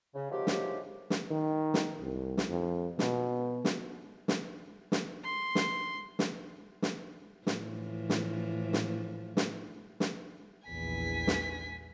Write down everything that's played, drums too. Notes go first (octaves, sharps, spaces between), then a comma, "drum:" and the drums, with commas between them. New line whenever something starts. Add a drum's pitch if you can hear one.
C#3
C3 D#3 F3 F#3 G#3 G4
drum: snare
drum: snare
D#3
drum: snare
C2
drum: snare
F2
B2, drum: snare
drum: snare
drum: snare
drum: snare
C6
drum: snare
drum: snare
drum: snare
A2 E3 F3, drum: snare
drum: snare
drum: snare
drum: snare
drum: snare
A#1 E2 E3 G#5 B6
drum: snare